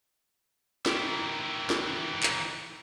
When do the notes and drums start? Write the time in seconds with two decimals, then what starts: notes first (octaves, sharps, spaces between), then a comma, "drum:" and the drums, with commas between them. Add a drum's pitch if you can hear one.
0.86 D#3 E3, drum: snare
1.70 drum: snare
2.23 drum: clap